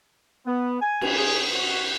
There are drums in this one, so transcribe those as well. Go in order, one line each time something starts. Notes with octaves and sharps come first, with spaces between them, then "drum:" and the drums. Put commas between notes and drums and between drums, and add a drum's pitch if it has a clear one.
B3
G#5
drum: cymbal
G#4
F#4